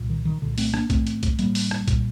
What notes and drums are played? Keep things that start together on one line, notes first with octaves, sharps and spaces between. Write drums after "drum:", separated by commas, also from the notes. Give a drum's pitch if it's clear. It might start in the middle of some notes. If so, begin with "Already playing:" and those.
Already playing: C2 A#2
D#3
D#3
C2 A#2 D3
A3 C4, drum: open hi-hat
A#3 D4, drum: rim click
A1 A2 A3 C4, drum: kick C2, hi-hat
drum: hi-hat
drum: kick C2, hi-hat
A1 A2 G3 A#3, drum: hi-hat
drum: open hi-hat
drum: rim click
A#2, drum: kick C2, hi-hat